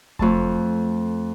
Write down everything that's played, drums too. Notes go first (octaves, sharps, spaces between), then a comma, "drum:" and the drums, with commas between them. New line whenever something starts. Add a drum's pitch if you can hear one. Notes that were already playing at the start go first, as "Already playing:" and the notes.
F2 A3 A5, drum: kick F#1